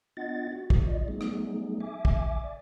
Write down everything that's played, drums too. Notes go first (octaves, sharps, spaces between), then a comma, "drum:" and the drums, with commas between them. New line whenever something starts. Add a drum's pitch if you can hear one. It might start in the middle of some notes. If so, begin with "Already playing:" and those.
B3 D4 F4 D#5 F#5 A6
F#4
drum: kick
F4 D5 D#5
F#3 G3 A3 B3 D#4 G#4
drum: rim click
E5 G#5 D6
drum: kick
D5